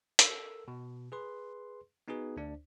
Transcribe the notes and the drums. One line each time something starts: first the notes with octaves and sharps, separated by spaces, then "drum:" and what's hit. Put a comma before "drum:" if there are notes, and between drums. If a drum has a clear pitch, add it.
A4 A#4 E6, drum: hi-hat
B2
G#4 B4 C6
B3 D#4 F#4 G#4 B4
D2 D4 D5